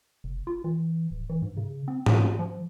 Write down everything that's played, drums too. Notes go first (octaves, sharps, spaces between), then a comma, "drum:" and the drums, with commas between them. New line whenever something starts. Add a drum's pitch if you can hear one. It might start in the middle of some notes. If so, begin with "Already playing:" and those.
F#1
F4
E3
D1
E3
G#2
C#3
C4
C#4, drum: tom
F3